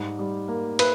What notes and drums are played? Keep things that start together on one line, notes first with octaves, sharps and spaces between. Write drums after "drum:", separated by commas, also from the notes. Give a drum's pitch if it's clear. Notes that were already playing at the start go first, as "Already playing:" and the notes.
Already playing: G#2 G3
G3
A#3
B4, drum: cymbal